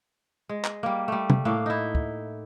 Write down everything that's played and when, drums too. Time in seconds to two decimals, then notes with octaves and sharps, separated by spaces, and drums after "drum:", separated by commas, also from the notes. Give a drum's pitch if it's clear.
0.49 G#3
0.65 drum: clap
0.83 G3 A#3
1.08 G3 A3
1.30 drum: tom
1.45 A2 A#3 D4 F5
1.66 D#4 E4
1.95 drum: kick